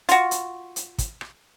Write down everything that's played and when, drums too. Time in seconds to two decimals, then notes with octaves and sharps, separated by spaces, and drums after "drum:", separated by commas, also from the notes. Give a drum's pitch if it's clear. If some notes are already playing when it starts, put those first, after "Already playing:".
0.09 F4 F#4, drum: hi-hat
0.31 drum: hi-hat
0.76 drum: hi-hat
0.98 drum: kick, hi-hat
1.21 drum: rim click